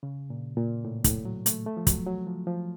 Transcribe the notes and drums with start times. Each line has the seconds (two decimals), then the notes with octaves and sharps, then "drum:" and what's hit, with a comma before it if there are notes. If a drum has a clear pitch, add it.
0.03 C#3
0.30 A#2
0.57 A#2
0.85 A2
1.04 A2, drum: kick, hi-hat
1.25 F#3
1.46 A3, drum: hi-hat
1.66 A3
1.77 F3
1.87 F#3, drum: kick, hi-hat
2.06 F#3
2.27 F3
2.47 F3